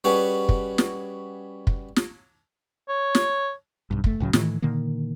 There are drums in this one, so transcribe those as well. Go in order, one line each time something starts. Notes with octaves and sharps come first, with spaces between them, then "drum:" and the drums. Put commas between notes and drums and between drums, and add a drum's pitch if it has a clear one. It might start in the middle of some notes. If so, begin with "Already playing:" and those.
G3 C#4 F#4 G#4 B4
drum: kick
drum: snare
drum: kick
drum: snare
C#5
drum: snare
B1 G2
F#1 A3, drum: kick
C#2 A2 C#3 F#3
A2 D#3 E3 A3, drum: snare
A#2 D3 D#3 A#3